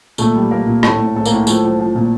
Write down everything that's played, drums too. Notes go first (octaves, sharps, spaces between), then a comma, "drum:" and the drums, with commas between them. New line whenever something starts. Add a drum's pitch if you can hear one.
A#2 A3 A4, drum: tambourine
G3
G3 A#3 A#4
A#2
A2 A3 A4, drum: rim click
A2
A2 A4
A#3 A#4, drum: tambourine
A2
F3 A3 A4, drum: tambourine
F3
F3
A#2